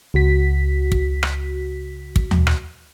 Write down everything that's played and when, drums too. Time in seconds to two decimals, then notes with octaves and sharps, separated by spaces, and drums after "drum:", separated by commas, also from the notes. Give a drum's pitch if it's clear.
0.14 C#2 F#4 B6
0.92 drum: kick
1.23 drum: rim click
2.16 drum: kick
2.31 drum: tom D#2
2.47 drum: rim click